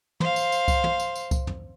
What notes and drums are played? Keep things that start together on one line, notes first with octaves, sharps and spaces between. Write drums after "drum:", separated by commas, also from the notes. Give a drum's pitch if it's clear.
C5 F5, drum: tom
drum: tambourine
drum: tambourine
drum: kick C2, tambourine
drum: tom
drum: tambourine
drum: tambourine
drum: kick C2, tambourine
drum: tom